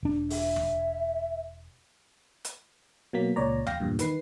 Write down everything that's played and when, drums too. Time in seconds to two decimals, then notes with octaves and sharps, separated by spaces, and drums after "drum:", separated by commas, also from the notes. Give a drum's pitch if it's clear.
0.03 E1 D4
0.30 E5, drum: open hi-hat
0.56 drum: tom D#2
2.45 drum: hi-hat
3.13 B2 F#3 A#3 B6
3.36 C#2 A#2 C#5 D5 A#5
3.67 F5 G5 A#6, drum: tom D#2
3.80 E2 G2 A#2
3.99 D#3 B4 C7, drum: hi-hat